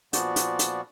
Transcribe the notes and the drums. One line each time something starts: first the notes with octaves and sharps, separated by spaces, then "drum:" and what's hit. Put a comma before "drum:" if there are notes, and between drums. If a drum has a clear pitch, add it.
A#2 F3 B3 F#4 D5, drum: hi-hat
drum: hi-hat
drum: hi-hat